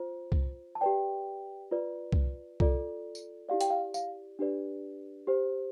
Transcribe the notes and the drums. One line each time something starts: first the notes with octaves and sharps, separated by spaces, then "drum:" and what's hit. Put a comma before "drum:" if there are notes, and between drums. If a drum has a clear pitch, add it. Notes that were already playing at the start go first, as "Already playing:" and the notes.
Already playing: F4 C5
drum: kick C2
A5
G4 B4 D5 G5
F4 B4 D5
drum: kick C2
F4 A4 D5, drum: kick C2
drum: tambourine
E4 G4 D5 F5
G5, drum: hi-hat
F5
F5, drum: tambourine
D4 G4 B4 D5
G4 C5